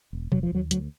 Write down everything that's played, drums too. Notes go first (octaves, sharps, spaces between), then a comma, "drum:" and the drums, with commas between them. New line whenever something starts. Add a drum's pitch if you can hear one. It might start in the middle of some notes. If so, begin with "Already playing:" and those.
E1
E1 F#3, drum: tom B2
F3
D#2 F#3
D2 F#3, drum: hi-hat